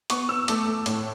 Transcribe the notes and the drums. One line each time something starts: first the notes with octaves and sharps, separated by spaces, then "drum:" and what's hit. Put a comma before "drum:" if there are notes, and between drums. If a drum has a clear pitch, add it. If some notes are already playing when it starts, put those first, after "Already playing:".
B3 C#6, drum: hi-hat
B3 E6
A3 D6, drum: hi-hat
A3
A2, drum: hi-hat